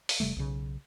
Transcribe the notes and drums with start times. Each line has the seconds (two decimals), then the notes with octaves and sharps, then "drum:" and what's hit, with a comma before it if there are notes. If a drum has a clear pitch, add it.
0.09 drum: open hi-hat
0.20 E1 C3 G3 A3
0.36 B1 C#3